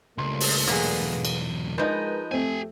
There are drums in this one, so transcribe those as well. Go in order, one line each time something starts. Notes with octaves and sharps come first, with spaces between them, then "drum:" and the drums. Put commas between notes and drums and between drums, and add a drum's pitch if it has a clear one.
C#2 G2 A#2 A3 C6
drum: open hi-hat
B1 E2 A#3 B3 G#4, drum: rim click
drum: cymbal
F3 G#3 D#4 G#4 A#4 B4 D#5
F2 A3 C4 G4 G#5